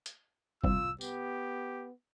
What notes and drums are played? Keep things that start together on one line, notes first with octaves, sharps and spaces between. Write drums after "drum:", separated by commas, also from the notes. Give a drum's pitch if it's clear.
drum: hi-hat
C2 F4 E6, drum: kick
B3 G4, drum: tambourine